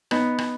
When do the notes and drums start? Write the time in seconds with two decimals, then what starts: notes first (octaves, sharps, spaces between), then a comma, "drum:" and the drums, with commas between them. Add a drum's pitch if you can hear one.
0.11 B3 D#4, drum: rim click
0.38 drum: rim click